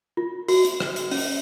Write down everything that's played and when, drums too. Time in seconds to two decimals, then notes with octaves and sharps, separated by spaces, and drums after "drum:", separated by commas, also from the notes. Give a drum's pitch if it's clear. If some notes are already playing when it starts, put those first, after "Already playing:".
0.17 F4
0.48 F#4, drum: open hi-hat
0.65 drum: hi-hat
0.80 drum: rim click
0.96 drum: hi-hat
1.11 C#4, drum: open hi-hat